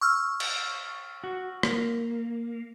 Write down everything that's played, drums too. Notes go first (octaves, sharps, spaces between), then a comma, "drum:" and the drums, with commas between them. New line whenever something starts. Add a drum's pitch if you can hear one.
C#6 E6 F6
drum: cymbal
F#4
A#3, drum: rim click